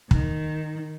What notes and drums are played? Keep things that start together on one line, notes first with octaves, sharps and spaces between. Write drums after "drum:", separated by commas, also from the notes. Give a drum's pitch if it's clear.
D#3, drum: kick